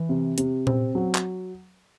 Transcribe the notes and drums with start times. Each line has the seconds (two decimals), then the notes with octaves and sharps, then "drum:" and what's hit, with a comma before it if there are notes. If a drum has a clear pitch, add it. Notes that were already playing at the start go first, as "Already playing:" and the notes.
Already playing: E3
0.09 C3
0.38 C3, drum: hi-hat
0.67 C4, drum: tom A#2
0.95 F#3
1.15 drum: clap